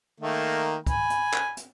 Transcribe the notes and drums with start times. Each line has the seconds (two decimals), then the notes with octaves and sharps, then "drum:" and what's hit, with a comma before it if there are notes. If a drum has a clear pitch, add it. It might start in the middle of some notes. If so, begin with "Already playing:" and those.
0.20 D#3 A3 A#3
0.86 G#5 B5, drum: kick, hi-hat
1.10 drum: hi-hat
1.33 drum: clap
1.57 drum: hi-hat